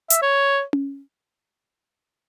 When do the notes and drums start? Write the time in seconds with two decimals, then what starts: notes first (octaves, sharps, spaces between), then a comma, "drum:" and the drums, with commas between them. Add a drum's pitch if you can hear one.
0.10 E5, drum: hi-hat
0.22 C#5
0.73 drum: tom C#4